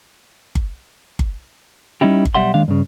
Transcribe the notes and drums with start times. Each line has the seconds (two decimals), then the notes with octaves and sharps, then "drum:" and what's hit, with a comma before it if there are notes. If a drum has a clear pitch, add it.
0.55 drum: kick G1
1.19 drum: kick G1
2.01 G3 C#4 D#4 E4 G4
2.25 drum: kick G1
2.35 B1 G#2 G3 E5 F#5 C6
2.54 D#2 D#3 G#3 D4 F5
2.68 G2 C#3